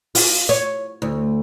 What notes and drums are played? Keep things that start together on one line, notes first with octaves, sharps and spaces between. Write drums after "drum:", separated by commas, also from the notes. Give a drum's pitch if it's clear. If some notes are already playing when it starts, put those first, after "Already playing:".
F4, drum: open hi-hat
C#5
D2